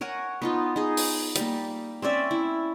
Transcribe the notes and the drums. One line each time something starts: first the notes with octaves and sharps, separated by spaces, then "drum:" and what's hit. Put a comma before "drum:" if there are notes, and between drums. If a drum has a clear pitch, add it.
A#4 C#5 F#5 G#5
B3 D#4 F4
D#4 G#4
drum: open hi-hat
G3 A#3, drum: hi-hat
C4 C#4 D5 E5
E4